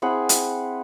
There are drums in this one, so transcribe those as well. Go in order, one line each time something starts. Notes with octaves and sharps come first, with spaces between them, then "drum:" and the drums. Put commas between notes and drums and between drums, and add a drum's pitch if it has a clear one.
C4 E4 G#4 F#5
drum: hi-hat